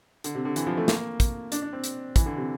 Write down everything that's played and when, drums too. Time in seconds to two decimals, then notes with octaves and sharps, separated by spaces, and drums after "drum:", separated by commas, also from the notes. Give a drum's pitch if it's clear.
0.24 D3, drum: hi-hat
0.35 C3
0.45 D3
0.56 E3, drum: hi-hat
0.67 F3
0.77 A3
0.88 A#3, drum: snare
1.20 drum: kick, hi-hat
1.52 D4, drum: hi-hat
1.62 D4
1.73 C4
1.84 drum: hi-hat
2.16 E3, drum: kick, hi-hat
2.26 D3
2.37 C3